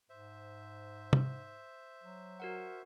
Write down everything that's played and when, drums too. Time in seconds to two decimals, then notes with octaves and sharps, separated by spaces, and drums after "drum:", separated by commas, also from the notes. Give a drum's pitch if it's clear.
0.10 G#2 C5 E5
1.13 drum: tom
2.03 F#3
2.40 F#4 A#4 F#5